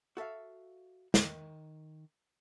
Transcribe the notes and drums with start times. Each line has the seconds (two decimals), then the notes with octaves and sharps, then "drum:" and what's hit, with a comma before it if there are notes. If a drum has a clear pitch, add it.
0.17 F#4 A4 E5 F5
1.14 D#3 A#4, drum: snare